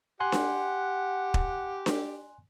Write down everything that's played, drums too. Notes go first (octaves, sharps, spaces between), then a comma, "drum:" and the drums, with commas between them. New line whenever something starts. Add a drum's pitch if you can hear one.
G4 F#5 G#5 C6 F#6
drum: snare D4
drum: kick
drum: snare D4